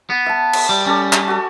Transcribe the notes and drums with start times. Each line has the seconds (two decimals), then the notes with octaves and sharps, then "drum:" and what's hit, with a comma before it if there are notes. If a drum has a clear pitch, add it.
0.10 B3
0.26 E5 A5
0.53 drum: cymbal
0.69 G3
0.86 G3 C#4 A4 D5
1.13 drum: clap
1.28 F#4 A4